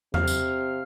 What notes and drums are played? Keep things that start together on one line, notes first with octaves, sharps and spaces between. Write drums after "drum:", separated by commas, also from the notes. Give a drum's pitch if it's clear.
C3 F5, drum: tom E2
drum: tambourine